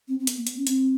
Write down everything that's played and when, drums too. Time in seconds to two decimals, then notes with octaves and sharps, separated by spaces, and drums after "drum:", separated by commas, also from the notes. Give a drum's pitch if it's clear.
0.08 C4
0.19 C4
0.27 B3, drum: hi-hat
0.37 A#3
0.47 B3, drum: hi-hat
0.57 C#4
0.67 C4, drum: hi-hat